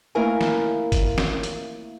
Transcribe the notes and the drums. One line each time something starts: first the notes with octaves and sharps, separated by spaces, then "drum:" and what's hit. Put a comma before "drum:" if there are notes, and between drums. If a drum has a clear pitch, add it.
A3 A#3 E4 A#4 F5 G#5
drum: snare
drum: kick, hi-hat
drum: snare
drum: hi-hat